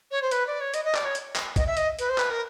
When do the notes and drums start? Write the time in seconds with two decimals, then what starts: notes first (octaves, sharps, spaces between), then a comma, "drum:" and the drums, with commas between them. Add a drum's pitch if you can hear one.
0.11 C#5
0.22 C5
0.31 B4, drum: hi-hat
0.46 D5
0.60 C#5
0.74 D#5, drum: hi-hat
0.84 D#5
0.95 D5, drum: clap
1.05 C#5
1.15 drum: hi-hat
1.36 drum: clap
1.56 D#5, drum: kick A#1, hi-hat
1.66 E5
1.77 D#5, drum: hi-hat
1.99 B4, drum: hi-hat
2.09 C5
2.18 B4, drum: clap
2.30 A#4